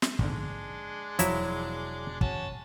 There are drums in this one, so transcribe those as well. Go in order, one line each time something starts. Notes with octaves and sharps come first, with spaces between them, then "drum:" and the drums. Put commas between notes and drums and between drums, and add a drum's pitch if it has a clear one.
drum: snare
A#1 G#2 D3 G#3 D4, drum: kick
E1 F3 F#3 E4 E5, drum: hi-hat
C#4 F#4 A5, drum: kick